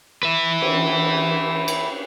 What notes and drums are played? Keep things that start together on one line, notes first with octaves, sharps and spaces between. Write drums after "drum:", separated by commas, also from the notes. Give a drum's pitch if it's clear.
B4 E5
drum: cymbal
drum: cymbal